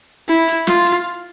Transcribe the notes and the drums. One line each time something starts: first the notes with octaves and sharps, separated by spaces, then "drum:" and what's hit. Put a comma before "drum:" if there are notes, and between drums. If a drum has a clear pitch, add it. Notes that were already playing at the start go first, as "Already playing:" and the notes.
E4
drum: hi-hat
F4, drum: snare
drum: hi-hat